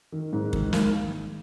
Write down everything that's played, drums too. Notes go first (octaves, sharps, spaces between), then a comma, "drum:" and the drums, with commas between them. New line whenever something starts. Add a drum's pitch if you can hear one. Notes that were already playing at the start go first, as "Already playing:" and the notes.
D#3
G#2
D#3, drum: kick
G#3 A#3, drum: snare